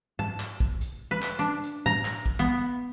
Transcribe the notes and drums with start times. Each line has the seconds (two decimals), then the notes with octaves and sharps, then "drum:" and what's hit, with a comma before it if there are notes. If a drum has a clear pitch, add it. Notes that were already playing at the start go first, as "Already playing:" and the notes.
0.19 A5, drum: tom G#2
0.40 drum: clap
0.60 drum: kick
0.81 drum: hi-hat
1.11 B4
1.22 drum: clap
1.39 D4
1.64 drum: hi-hat
1.86 A#5, drum: tom A2
2.05 drum: clap
2.26 drum: kick
2.39 B3